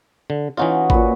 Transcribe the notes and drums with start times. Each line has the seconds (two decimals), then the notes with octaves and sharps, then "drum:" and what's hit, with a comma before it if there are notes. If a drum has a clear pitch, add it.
0.30 D3
0.57 E3 C#4 D#4 F4 F#4 D#5
0.90 A#2 B4, drum: kick G#1